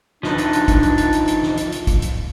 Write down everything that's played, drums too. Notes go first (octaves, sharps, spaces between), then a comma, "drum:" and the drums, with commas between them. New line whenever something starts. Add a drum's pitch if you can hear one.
F3 D4 D#4 B4, drum: snare
drum: hi-hat
drum: hi-hat
drum: kick, hi-hat
drum: hi-hat
drum: hi-hat
drum: hi-hat
drum: hi-hat
drum: snare
drum: hi-hat
drum: hi-hat
drum: kick, hi-hat
drum: hi-hat